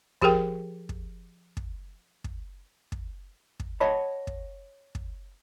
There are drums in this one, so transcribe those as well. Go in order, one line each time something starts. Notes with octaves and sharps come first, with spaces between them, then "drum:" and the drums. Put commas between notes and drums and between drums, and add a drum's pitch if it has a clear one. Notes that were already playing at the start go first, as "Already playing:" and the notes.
F3 G4 G#4 A#4 G5, drum: kick
drum: kick
drum: kick
drum: kick
drum: kick
drum: kick
C#5 D#5 F#5 A5 B5
drum: kick
drum: kick